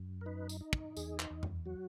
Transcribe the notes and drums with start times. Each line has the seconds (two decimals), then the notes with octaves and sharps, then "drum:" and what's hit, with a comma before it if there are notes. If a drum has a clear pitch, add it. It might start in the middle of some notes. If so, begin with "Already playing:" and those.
Already playing: F#2
0.21 A#4
0.26 D#4 B4
0.49 drum: tambourine
0.61 D#4
0.73 drum: kick
0.97 E2 G#4, drum: tambourine
1.19 drum: clap
1.31 E2
1.43 drum: tom F2
1.66 F#3 F#4